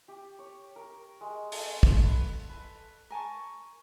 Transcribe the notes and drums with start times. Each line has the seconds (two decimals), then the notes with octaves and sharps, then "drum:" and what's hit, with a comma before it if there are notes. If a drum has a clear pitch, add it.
0.08 G4
0.39 C#5
0.76 A#4
1.21 G#3
1.52 A4, drum: open hi-hat
1.83 C6, drum: kick
2.04 B4
2.49 B4
3.10 A#4 G#5 A5 C#6